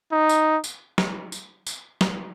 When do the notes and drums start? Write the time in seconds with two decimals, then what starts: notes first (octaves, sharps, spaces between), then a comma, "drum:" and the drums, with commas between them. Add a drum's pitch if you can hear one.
0.12 D#4
0.29 drum: tambourine
0.64 drum: tambourine
0.98 drum: snare
1.32 drum: tambourine
1.67 drum: tambourine
2.01 drum: snare